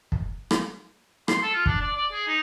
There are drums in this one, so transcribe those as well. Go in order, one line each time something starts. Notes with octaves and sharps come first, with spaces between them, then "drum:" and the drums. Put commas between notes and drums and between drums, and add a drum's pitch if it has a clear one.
drum: kick
drum: rim click
C6, drum: rim click
A4
F4
D4, drum: kick
D5
D5
G#4
D#4